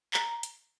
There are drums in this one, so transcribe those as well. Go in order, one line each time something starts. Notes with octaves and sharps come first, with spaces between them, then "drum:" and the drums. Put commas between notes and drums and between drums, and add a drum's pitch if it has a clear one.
A#5, drum: clap
drum: hi-hat